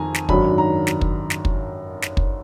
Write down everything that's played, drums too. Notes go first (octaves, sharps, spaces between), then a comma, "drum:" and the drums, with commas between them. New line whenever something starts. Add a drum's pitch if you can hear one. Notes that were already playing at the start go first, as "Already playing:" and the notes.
Already playing: F2 D#3 G#5 A#5
drum: snare
G#1 F#2 D#3 F#3 D4 B5, drum: kick
A#5
drum: snare
drum: kick
drum: snare
drum: kick
drum: snare
drum: kick